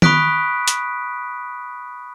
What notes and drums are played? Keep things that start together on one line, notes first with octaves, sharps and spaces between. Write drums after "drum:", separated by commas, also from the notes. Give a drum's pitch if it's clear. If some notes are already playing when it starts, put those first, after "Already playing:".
B5 C#6 D#6 F#6 B6 D7, drum: tom D#3
drum: hi-hat